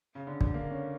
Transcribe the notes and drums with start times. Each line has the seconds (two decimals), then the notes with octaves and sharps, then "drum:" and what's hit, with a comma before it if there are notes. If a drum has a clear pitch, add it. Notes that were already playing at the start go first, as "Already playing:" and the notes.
0.15 C#3
0.27 D3
0.41 D3, drum: kick
0.54 A#3
0.70 C#4